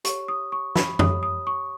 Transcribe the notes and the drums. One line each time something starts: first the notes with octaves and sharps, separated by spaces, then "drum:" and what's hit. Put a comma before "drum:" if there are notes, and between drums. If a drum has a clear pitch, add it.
G4 C#5 C#6, drum: hi-hat
D#6
C#6
B5, drum: snare
G4 C#5 D#6, drum: tom F2
D#6
C#6